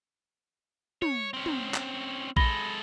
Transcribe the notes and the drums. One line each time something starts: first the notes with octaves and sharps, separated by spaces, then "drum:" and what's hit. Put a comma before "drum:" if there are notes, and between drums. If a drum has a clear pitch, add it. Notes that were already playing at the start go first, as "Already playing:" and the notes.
C#5, drum: tom
C4 C#4
drum: tom
drum: clap
G#3 A4 B5 A#6 G7, drum: kick A#1